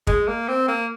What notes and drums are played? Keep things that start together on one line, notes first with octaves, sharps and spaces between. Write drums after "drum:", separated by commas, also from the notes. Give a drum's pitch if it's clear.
G#3, drum: kick
A#3
C4
A#3